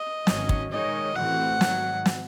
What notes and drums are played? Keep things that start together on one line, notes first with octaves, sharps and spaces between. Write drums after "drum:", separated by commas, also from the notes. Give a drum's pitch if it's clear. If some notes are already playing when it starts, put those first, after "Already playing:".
Already playing: D#5
G#1 G#2 D#3 F#3 C#4, drum: snare
drum: kick
D#3 G#3 D#4 G#4 C#5 D#5
A1 A2 E3 C4 F#4 F#5
G#2 D#3 F#3, drum: snare
drum: snare